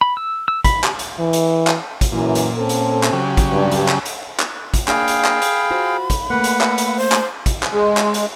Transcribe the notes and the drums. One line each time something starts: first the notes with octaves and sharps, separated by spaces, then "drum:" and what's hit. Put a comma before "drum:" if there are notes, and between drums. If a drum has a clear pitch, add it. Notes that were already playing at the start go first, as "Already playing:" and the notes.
B5
E6
E6
B5, drum: kick, hi-hat
G4, drum: clap
drum: hi-hat
E3
drum: hi-hat
drum: clap
drum: kick, hi-hat
F#2 A#2 E3
drum: hi-hat
C4 C#4 A4
drum: hi-hat
drum: clap
C#3 F#3 G4
drum: kick, hi-hat
G2
drum: hi-hat
drum: clap
drum: hi-hat
drum: clap
drum: kick, hi-hat
A#3 D4 G#4 F5 G5 B5, drum: clap
drum: hi-hat
drum: clap
drum: hi-hat
F4 F#4 C5
drum: kick, hi-hat
A3 A#3 B4 F#5
drum: hi-hat
drum: clap
drum: hi-hat
C5
drum: clap
drum: kick, hi-hat
drum: clap
G#3
drum: clap
drum: hi-hat